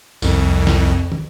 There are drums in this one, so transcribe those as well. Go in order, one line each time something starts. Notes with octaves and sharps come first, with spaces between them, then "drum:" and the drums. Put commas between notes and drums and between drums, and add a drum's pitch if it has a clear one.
C2 F2, drum: tambourine
drum: snare
drum: tom